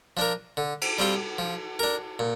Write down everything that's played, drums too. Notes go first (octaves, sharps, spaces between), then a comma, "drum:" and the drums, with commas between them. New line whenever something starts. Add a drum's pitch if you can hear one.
F3 D4 A#4
D3
drum: cymbal
G3 C4 F4 C5
F3
D4 A#4
A#2